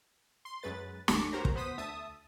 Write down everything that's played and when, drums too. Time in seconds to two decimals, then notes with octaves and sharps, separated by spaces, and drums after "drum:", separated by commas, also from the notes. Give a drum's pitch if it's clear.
0.45 C6
0.63 F#2 F#3 G#3 B4 A6
1.08 G#1 D#2 A5 C#6 D6 C#7, drum: snare
1.32 F#4 G4 A#4 C5 C#5 A#5
1.45 drum: kick
1.55 B3 C5 D#6 B6
1.78 D2 E5 A5 D#6